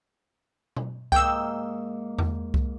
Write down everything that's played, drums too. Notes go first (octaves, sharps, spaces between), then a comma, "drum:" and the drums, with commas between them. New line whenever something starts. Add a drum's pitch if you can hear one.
drum: tom B2
G#2 A#3 G5 E6, drum: kick C2
drum: tom E2
drum: kick C2